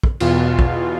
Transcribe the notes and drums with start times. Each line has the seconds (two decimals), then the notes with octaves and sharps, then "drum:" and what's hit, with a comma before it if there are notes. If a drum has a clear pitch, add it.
0.03 drum: kick
0.20 E2 B2 F4, drum: cymbal
0.59 drum: kick